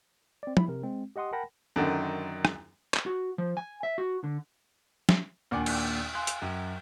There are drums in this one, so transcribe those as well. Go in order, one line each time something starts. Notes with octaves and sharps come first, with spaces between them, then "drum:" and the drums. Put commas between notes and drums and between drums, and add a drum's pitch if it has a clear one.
C4 D5
E4 B5, drum: tom
C3 A#4
G#3 C4
G4 D#5 F#5 C6 D#6
A#4 F#5 G5 A5 B5 A#6
F#2 D3 D#3
drum: rim click
drum: clap
F#4
F3
G#5
E5
F#4
D3
drum: snare
D#2 A#2 D4 F#5 G#5 D6
drum: cymbal
F5 G#5 C6 F#6
drum: hi-hat
F#2 G5